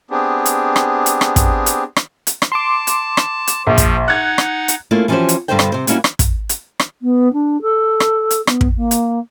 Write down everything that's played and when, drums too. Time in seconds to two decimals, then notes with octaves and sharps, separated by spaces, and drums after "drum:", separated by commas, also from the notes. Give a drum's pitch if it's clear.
0.11 B3 C4 D4 G4 G#4
0.45 drum: hi-hat
0.76 drum: rim click
1.06 drum: hi-hat
1.21 drum: rim click
1.36 drum: kick, hi-hat
1.66 drum: hi-hat
1.96 drum: rim click
2.27 drum: hi-hat
2.42 drum: rim click
2.52 A5 C6 D6
2.87 drum: hi-hat
3.17 drum: rim click
3.47 drum: hi-hat
3.67 A#1 F3
3.78 drum: kick, hi-hat
4.08 D#4 F#5 F#6 G#6
4.38 drum: rim click
4.68 drum: hi-hat
4.91 A3 A#3 C#4 E4 F4
5.08 E3 F3 C#4 F#4 G4 C5
5.29 drum: hi-hat
5.48 G2 B2 D3 F#4 C5 G5
5.59 drum: rim click
5.72 C3 C5
5.87 G3 A#3 C#4 D#4 E4 F#4, drum: hi-hat
6.04 drum: rim click
6.19 drum: kick, hi-hat
6.49 drum: hi-hat
6.80 drum: rim click
7.02 B3
7.33 D4
7.62 A4
8.00 drum: rim click
8.31 drum: hi-hat
8.47 B3, drum: rim click
8.61 drum: kick
8.77 A#3
8.91 drum: hi-hat